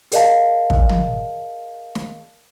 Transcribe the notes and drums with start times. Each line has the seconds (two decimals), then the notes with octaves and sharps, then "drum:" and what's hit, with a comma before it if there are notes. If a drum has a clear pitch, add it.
0.12 G#4 A#4 D5 D#5 F5 A5, drum: hi-hat
0.70 drum: kick
0.89 drum: tom
1.95 drum: snare